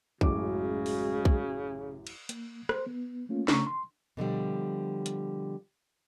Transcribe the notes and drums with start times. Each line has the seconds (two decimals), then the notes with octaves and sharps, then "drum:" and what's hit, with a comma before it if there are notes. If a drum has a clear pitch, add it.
0.21 A1 F#2 C#3 G#3 F#4 D6, drum: kick
0.86 drum: open hi-hat
1.25 drum: kick
2.07 drum: cymbal
2.29 A#3, drum: hi-hat
2.69 C5, drum: rim click
2.86 B3
3.29 A3 A#3 C#4 F4
3.48 C#3 A3 C#4 A#5 C#6, drum: snare
3.67 C6
4.17 B2 D3 F3 G3
5.06 drum: hi-hat